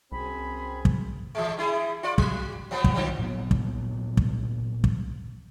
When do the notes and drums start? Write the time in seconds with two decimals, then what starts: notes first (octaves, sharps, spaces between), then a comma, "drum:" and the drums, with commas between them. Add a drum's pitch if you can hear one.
0.12 C2 F#2 C4 G#4 B5
0.85 drum: kick
1.35 E3 G#3
1.57 G3 E4 G#4
2.03 F4 D5
2.18 F#3, drum: kick
2.71 F3 G3 B3
2.84 drum: kick
2.94 D3 F3 G3
3.19 A#2 F#3 B3
3.51 drum: kick
4.17 drum: kick
4.84 drum: kick